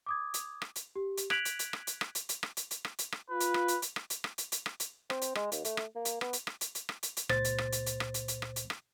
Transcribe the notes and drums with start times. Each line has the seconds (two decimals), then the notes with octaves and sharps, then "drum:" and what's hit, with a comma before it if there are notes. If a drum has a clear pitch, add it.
0.06 D6 D#6 G#6
0.34 drum: hi-hat
0.62 drum: rim click
0.76 drum: hi-hat
0.96 G4
1.17 drum: hi-hat
1.30 F#6 G#6 B6 D7 F7 F#7, drum: rim click
1.45 drum: hi-hat
1.59 drum: hi-hat
1.73 drum: rim click
1.87 drum: hi-hat
2.01 drum: rim click
2.15 drum: hi-hat
2.29 drum: hi-hat
2.43 drum: rim click
2.57 drum: hi-hat
2.71 drum: hi-hat
2.85 drum: rim click
2.98 drum: hi-hat
3.12 drum: rim click
3.30 F4 B4
3.40 drum: hi-hat
3.54 drum: rim click
3.68 drum: hi-hat
3.82 drum: hi-hat
3.96 drum: rim click
4.10 drum: hi-hat
4.24 drum: rim click
4.38 drum: hi-hat
4.52 drum: hi-hat
4.66 drum: rim click
4.80 drum: hi-hat
5.10 C4, drum: rim click
5.21 drum: hi-hat
5.35 G#3, drum: rim click
5.52 D#2, drum: hi-hat
5.65 A3, drum: hi-hat
5.77 drum: rim click
5.96 A#3
6.05 drum: hi-hat
6.21 B3, drum: rim click
6.33 drum: hi-hat
6.47 drum: rim click
6.61 drum: hi-hat
6.75 drum: hi-hat
6.89 drum: rim click
7.03 drum: hi-hat
7.17 drum: hi-hat
7.29 C#2 A#2 C5 A6, drum: rim click
7.44 drum: hi-hat
7.58 drum: rim click
7.72 drum: hi-hat
7.86 drum: hi-hat
8.00 drum: rim click
8.14 drum: hi-hat
8.28 drum: hi-hat
8.42 drum: rim click
8.56 drum: hi-hat
8.70 drum: rim click